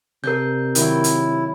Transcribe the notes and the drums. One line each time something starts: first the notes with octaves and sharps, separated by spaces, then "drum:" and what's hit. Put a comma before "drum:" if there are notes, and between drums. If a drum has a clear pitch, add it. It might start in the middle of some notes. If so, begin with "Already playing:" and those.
C3 D4 A#4 G6
D#3 F#3 E4 D5, drum: hi-hat
drum: hi-hat